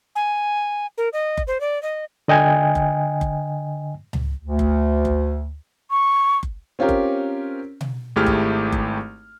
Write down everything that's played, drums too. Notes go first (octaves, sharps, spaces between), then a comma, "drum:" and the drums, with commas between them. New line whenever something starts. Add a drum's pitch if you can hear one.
G#5
A#4
D#5
drum: kick F#1
C5
D5
D#5
D3 D#5 G5 G#5
drum: kick F#1
drum: kick F#1
drum: tom C#2
D2
drum: kick F#1
drum: kick F#1
C#6
drum: kick F#1
C4 C#4 F4 G4 A#4
drum: kick F#1
drum: tom B2
G#1 A3 E4 G4 G#4 F6
drum: kick F#1
drum: kick F#1